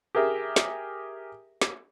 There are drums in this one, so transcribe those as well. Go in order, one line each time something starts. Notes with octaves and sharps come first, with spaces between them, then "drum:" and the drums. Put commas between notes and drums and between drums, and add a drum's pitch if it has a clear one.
G4 G#4 A#4 E5
drum: snare
drum: snare